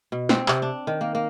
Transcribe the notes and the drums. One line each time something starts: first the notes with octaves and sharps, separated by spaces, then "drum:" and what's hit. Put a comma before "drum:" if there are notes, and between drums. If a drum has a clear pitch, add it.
B2
C4, drum: snare
C3, drum: clap
D4
D#3
A#3
A#3